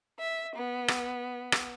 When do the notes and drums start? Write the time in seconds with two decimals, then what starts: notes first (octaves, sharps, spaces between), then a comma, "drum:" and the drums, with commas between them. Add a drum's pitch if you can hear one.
0.20 E5
0.56 B3
0.88 drum: rim click
1.52 drum: rim click